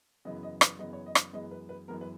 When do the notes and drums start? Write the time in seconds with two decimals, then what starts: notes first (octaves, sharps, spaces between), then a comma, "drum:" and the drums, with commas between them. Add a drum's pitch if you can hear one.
0.25 F#2 C#3 E3 B3 D#5
0.43 D#5
0.61 B4, drum: rim click
0.79 F#2 C#3 E3 B3 D#5
0.93 C#5
1.06 D#5
1.15 drum: rim click
1.33 F#2 E3 G#3 B3 D#5
1.51 B4
1.69 B4
1.88 F#2 E3 G#3 B3 A#4
2.01 B4